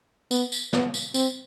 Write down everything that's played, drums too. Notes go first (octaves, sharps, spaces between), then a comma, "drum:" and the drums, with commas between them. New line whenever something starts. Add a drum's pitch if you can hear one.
B3, drum: tambourine
drum: tambourine
B3, drum: snare
drum: tambourine
C4, drum: tambourine